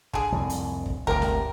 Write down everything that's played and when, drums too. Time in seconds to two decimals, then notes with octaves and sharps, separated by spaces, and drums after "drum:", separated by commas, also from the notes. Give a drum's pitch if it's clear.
0.13 D3 G#4, drum: kick
0.32 C2 F2 A2
0.50 drum: hi-hat
0.86 drum: kick
1.07 G1 D2 C3 G4 A#4
1.22 drum: snare